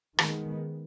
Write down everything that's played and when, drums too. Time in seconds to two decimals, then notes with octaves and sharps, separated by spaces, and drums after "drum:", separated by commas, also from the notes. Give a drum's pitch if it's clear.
0.19 D#3 G#3 B3, drum: rim click